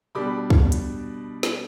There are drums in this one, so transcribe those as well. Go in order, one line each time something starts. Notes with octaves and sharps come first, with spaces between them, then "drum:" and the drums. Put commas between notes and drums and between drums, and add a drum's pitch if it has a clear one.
B2 G3 D4 B5 D6
drum: kick
drum: hi-hat
drum: snare